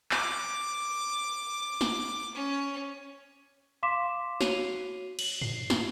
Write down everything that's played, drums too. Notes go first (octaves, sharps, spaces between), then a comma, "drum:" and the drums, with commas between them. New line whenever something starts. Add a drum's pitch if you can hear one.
D6, drum: clap
drum: snare
C#4
F5 C6 D6 B6 E7
F#4 C#5 C7 D#7 F7, drum: snare
F#7, drum: cymbal
C7, drum: tom G2
drum: snare